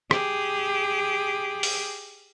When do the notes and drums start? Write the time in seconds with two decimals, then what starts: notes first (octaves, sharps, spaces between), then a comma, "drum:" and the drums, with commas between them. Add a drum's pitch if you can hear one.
0.11 G4 G#4, drum: rim click
1.63 drum: open hi-hat